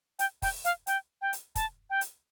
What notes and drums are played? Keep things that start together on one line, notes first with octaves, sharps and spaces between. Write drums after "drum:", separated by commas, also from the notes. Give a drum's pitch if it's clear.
G5, drum: hi-hat
G5, drum: kick, open hi-hat
F5, drum: hi-hat
G5, drum: hi-hat
G5
drum: hi-hat
A5, drum: kick, hi-hat
G5
drum: hi-hat